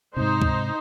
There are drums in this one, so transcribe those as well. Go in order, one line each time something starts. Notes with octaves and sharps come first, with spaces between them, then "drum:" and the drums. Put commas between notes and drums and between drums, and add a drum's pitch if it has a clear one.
G#2 C3 D#4 C5
drum: kick C#2